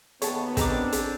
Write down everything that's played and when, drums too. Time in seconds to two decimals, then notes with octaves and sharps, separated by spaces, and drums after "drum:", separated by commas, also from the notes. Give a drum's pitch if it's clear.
0.22 D#2 B3 C#5 A5, drum: hi-hat
0.57 C4 D4 D#5 A#5 D6, drum: kick, hi-hat
0.92 drum: hi-hat